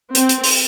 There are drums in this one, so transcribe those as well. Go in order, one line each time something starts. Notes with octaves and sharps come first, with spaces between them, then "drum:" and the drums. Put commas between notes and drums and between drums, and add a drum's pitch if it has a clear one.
C4, drum: hi-hat
drum: hi-hat
drum: open hi-hat